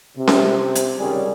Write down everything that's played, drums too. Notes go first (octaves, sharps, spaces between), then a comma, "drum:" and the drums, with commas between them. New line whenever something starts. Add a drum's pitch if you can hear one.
C3
drum: snare C#4
drum: hi-hat
C#2 D#3 G3 C#4 G#4